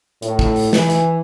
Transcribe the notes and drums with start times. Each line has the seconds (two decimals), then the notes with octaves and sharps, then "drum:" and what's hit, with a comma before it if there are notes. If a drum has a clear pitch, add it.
0.22 A2, drum: hi-hat
0.39 drum: kick
0.56 drum: open hi-hat
0.73 E3, drum: snare
0.90 drum: hi-hat